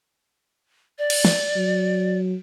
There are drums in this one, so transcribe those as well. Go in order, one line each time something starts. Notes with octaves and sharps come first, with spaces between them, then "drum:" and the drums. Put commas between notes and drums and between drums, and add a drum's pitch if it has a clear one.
D5
drum: cymbal
drum: snare
F#3